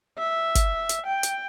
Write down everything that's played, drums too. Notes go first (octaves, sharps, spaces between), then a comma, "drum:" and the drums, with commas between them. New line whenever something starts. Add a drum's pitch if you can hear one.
E5
drum: kick, hi-hat
drum: hi-hat
G5
drum: hi-hat